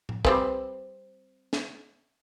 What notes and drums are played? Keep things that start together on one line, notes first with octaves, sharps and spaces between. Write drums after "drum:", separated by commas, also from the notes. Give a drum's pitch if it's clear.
drum: tom A2
G3 C4 B4, drum: kick
drum: snare